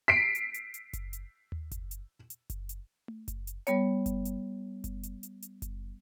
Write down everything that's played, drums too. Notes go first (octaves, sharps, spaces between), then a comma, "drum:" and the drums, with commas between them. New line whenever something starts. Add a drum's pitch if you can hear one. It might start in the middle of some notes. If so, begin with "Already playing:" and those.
B6 C7 D7
drum: hi-hat
drum: hi-hat
drum: hi-hat
drum: kick F#1, hi-hat
drum: hi-hat
drum: tom D#2
drum: kick F#1, hi-hat
drum: hi-hat
drum: hi-hat
drum: kick F#1, hi-hat
drum: hi-hat
drum: tom A3
drum: kick F#1, hi-hat
drum: hi-hat
G3 B3 C#5, drum: hi-hat
drum: kick F#1, hi-hat
drum: hi-hat
drum: kick F#1, hi-hat
drum: hi-hat
drum: hi-hat
drum: hi-hat
drum: kick F#1, hi-hat